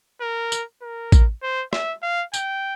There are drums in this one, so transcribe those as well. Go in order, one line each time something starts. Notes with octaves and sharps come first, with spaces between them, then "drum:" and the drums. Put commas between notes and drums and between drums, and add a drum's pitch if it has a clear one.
A#4
drum: tambourine
A#4
drum: kick, tambourine
C5
E5, drum: rim click
F5
G5, drum: tambourine